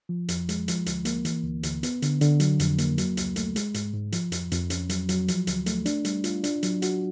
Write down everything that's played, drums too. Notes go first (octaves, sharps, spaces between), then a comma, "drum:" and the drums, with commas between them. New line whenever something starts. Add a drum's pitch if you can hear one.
F3
F2, drum: hi-hat
G#3, drum: hi-hat
F3, drum: hi-hat
D2, drum: hi-hat
A#3, drum: hi-hat
E3, drum: hi-hat
D2
D2, drum: hi-hat
B3, drum: hi-hat
D3, drum: hi-hat
D3, drum: hi-hat
F#3, drum: hi-hat
F2, drum: hi-hat
A#3, drum: hi-hat
F#3, drum: hi-hat
C#2, drum: hi-hat
A3, drum: hi-hat
G#3, drum: hi-hat
G#2, drum: hi-hat
G#2
F3, drum: hi-hat
F2, drum: hi-hat
F2, drum: hi-hat
C#4, drum: hi-hat
F#3, drum: hi-hat
F#3, drum: hi-hat
F3, drum: hi-hat
D2, drum: hi-hat
A3, drum: hi-hat
D4, drum: hi-hat
G3, drum: hi-hat
F4, drum: hi-hat
D4, drum: hi-hat
F#3, drum: hi-hat
F#4, drum: hi-hat